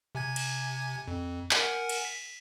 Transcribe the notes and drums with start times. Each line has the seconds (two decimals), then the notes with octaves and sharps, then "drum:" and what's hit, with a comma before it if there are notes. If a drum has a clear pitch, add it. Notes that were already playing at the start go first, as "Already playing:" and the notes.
0.15 C3 G#5 G#6
0.36 drum: cymbal
1.08 F2
1.51 A#4 F#5 G#5, drum: clap
1.89 drum: cymbal
2.05 B6